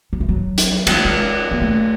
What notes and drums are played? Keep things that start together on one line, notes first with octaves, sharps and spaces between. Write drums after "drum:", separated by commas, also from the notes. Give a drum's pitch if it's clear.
F#3
E3
F#3
drum: hi-hat
G#3, drum: cymbal
G#3
B3
A3